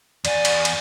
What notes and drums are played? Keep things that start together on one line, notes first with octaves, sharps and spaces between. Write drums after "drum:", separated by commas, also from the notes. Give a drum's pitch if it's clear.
E2 D5 G#5, drum: cymbal
drum: cymbal
drum: cymbal